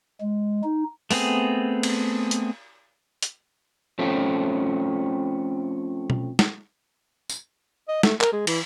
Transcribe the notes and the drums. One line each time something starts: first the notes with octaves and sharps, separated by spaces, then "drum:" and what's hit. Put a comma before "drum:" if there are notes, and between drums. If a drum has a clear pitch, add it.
G#3
D#4
A3 B3 C4 G#4, drum: open hi-hat
drum: cymbal
drum: hi-hat
drum: hi-hat
F3 A3 C4 C#4
drum: tom B2
drum: snare
drum: tambourine
D#5
A3, drum: snare
A#4, drum: clap
G#3
E3, drum: cymbal